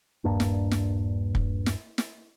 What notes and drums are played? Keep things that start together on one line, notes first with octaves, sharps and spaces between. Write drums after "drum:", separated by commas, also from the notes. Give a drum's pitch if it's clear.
D#1 G2 A#3 D4
drum: snare
drum: snare
drum: kick
drum: snare
drum: snare